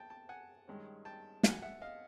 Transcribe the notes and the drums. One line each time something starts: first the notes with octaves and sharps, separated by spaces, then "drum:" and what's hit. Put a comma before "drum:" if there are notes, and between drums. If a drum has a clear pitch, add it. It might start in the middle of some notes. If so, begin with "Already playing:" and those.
Already playing: G5 A5
G5 A5
F#5 G#5
G2 D#3 G#3 C#4
G5 A5
F#5 G#5, drum: snare
E5 F#5
D#5 F5